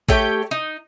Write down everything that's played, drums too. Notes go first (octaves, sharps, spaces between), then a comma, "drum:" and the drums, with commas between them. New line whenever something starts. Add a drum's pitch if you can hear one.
A3 G4 C#5 G5, drum: kick A1
D#4